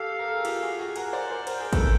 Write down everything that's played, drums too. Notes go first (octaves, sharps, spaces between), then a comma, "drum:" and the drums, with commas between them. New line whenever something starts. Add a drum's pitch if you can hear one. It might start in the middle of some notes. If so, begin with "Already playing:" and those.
Already playing: G4 A4 F5
A#4
A4
G#4
F4 G4, drum: cymbal
F#4 G#4
F#4 G#4
G#4 A#4 F#5, drum: cymbal
C5 D5
A#4 C5
A#4 C5 G5, drum: cymbal
G#4 A#4
A4 B4, drum: kick, cymbal